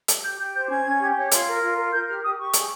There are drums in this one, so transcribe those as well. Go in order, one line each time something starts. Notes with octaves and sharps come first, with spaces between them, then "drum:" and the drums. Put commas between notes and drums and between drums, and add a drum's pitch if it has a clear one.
G4, drum: hi-hat
G4 G6
G4 G6
C5 G6
C#4 G#6
C#4
G4
C#5
F4, drum: hi-hat
A#4
F4
A#4
A#4 G6
G4 F6
G4 D#6
G4 C#6
G#4, drum: hi-hat